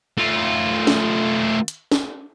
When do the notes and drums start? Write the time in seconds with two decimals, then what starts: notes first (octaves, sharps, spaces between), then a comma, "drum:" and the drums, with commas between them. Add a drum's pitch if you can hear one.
0.17 A3 F4
0.87 drum: snare
1.68 drum: hi-hat
1.92 drum: snare